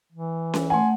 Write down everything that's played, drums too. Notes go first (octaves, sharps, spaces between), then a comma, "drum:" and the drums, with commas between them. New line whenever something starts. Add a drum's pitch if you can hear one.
E3
drum: snare C#4
A3 F#5 G#5 C6